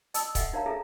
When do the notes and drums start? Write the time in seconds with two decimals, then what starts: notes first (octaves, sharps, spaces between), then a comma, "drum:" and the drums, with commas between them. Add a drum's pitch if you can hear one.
0.14 D#5 A5 D#6 E6, drum: hi-hat
0.35 A4 D#5 E5 F#5 G5, drum: kick C#1, hi-hat
0.53 D#4 A#4 C#5 F5 A#5
0.66 E4 G#4 A4 E5 G#5 A#5